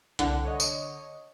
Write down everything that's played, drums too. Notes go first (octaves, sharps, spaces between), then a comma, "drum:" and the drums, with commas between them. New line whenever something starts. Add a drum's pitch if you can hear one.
C2 D3 F#5, drum: hi-hat
C#5 D#5
drum: tambourine